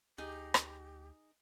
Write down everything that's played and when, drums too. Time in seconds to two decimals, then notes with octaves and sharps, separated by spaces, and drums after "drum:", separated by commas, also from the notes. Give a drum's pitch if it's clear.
0.18 D2 D#4 G4 G#4
0.54 drum: rim click